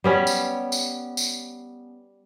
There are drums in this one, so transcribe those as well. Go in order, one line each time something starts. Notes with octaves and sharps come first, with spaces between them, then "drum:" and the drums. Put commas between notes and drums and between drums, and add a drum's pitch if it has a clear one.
G3 B3 C#4
drum: tambourine
drum: tambourine
drum: tambourine